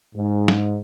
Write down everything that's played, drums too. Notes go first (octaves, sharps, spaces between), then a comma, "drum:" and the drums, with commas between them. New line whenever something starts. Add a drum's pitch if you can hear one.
G#2
drum: snare